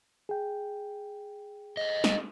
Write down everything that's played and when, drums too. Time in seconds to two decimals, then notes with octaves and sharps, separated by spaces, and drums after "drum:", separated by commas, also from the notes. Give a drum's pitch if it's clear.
0.29 G#4 G5
1.77 A4 C5 D#5
2.04 drum: snare